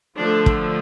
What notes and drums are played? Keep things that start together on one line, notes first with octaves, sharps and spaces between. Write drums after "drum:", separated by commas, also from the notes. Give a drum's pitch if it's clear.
D3 F3 A3 D4
drum: kick